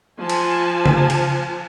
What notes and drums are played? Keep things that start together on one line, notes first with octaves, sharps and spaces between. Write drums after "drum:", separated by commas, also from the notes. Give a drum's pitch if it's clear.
F3 G#5 A5
drum: cymbal
drum: tom C#3
drum: cymbal